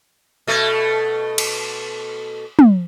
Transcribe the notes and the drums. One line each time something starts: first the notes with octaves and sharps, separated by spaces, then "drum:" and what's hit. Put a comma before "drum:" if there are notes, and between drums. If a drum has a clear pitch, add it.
B2 A3
drum: cymbal
drum: tom